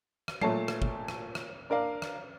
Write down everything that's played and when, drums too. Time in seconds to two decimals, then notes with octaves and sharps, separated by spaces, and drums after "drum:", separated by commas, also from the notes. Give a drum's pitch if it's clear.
0.28 drum: rim click
0.41 A#2 A3 C#5 A5 C7, drum: tom F#3
0.68 drum: rim click
0.82 drum: kick
1.08 drum: rim click
1.35 drum: rim click
1.70 D4 A#4 D5 F5
2.02 drum: rim click